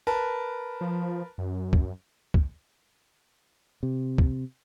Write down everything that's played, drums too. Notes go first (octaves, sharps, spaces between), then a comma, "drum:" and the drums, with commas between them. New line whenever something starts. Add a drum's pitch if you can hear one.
A#4 B4 A5
F3
F#2
drum: kick
drum: kick
C3
drum: kick